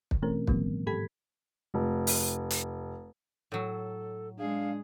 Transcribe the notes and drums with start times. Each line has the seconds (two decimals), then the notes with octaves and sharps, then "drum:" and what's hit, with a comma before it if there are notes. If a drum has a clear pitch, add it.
0.11 drum: kick
0.22 B2 E3 A3 C4 C#4 A#4
0.47 A2 D#3 F3 G3 B3, drum: kick
0.87 G#2 G4 A4 B5 G#6 B6
1.74 F1
2.07 drum: open hi-hat
2.50 drum: hi-hat
3.52 A2 F#3 A4
4.39 G#3 D4 G#4 F5